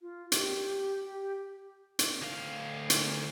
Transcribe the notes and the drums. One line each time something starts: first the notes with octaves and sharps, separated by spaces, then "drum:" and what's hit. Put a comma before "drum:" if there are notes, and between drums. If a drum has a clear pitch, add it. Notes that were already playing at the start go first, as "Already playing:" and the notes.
F4
G4, drum: hi-hat
G4
drum: hi-hat
D2 F5
drum: hi-hat